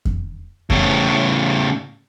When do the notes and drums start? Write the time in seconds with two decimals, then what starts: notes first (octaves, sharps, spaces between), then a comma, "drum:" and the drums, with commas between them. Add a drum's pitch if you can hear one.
0.05 drum: kick F2
0.70 A2 C#3, drum: kick F2